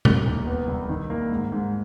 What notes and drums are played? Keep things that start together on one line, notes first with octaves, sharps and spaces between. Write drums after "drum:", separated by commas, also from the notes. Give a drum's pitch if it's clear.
E1, drum: tom B2
D#2
B3
C2
D#3
A#3
G#2
G#2